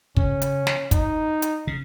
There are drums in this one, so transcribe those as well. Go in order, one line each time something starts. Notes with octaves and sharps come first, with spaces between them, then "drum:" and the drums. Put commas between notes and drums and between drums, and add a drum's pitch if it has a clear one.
C#3 C#4, drum: kick
drum: hi-hat
drum: snare
D#4, drum: kick, hi-hat
drum: hi-hat
C#3